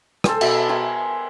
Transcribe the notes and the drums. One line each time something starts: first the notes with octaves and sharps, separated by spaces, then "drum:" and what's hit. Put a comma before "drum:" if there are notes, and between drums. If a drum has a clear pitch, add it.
A4 C5 G5 G#5, drum: rim click
B2 E5, drum: cymbal
A#4 C5 G5 G#5